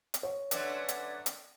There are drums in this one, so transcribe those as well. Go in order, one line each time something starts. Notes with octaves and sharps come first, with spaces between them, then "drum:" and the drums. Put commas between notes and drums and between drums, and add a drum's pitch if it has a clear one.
drum: hi-hat
C#5
D3 F#3 A3 C#4 B4 D5, drum: hi-hat
drum: hi-hat
drum: hi-hat